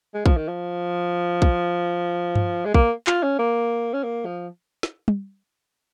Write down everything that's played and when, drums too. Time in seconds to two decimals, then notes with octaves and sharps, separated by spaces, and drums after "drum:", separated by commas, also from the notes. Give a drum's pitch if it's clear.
0.14 G#3
0.26 F3, drum: kick
0.37 D#3
0.48 F3
1.42 drum: kick
2.35 drum: tom G2
2.65 G#3
2.74 A#3, drum: kick
3.07 F4, drum: clap
3.23 C#4
3.39 A#3
3.94 C#4
4.03 A#3
4.25 F3
4.83 drum: snare
5.08 drum: tom